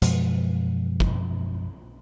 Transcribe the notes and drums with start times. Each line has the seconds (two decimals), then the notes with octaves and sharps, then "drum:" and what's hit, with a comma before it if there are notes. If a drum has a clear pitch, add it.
0.02 F#2 B2 F3 G#3, drum: hi-hat
1.00 drum: kick G1